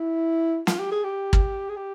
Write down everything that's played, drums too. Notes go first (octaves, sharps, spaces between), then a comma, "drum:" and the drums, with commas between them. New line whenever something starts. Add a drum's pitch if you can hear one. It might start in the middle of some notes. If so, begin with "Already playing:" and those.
Already playing: E4
F4, drum: snare
G4
G#4
G4
drum: kick
G#4
G4